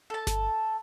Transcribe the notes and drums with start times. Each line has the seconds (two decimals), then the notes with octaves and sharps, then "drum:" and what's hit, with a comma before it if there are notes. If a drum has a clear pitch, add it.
0.10 A4 A5
0.27 drum: snare G1